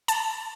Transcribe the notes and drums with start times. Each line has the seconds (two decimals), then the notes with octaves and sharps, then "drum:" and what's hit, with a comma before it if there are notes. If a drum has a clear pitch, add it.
0.08 A5, drum: hi-hat